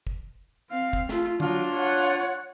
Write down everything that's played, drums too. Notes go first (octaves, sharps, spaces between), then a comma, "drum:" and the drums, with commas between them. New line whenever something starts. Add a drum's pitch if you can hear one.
drum: kick
C4 F5
drum: kick
A3 F4, drum: snare
F#3 D4 F4, drum: tom
C#5 F#5